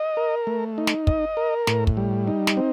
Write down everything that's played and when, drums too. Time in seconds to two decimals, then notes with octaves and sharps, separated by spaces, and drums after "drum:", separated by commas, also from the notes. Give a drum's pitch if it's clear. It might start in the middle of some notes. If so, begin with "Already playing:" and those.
Already playing: D#5
0.17 A#4
0.47 A3
0.78 D#4
0.87 drum: snare
1.07 D#5, drum: kick
1.37 A#4
1.67 A2, drum: snare
1.87 drum: kick
1.97 G3
2.27 D#4
2.47 drum: snare
2.57 C4